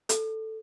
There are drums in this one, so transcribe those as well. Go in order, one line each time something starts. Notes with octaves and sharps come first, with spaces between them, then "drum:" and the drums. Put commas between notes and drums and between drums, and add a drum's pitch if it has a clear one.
A4, drum: hi-hat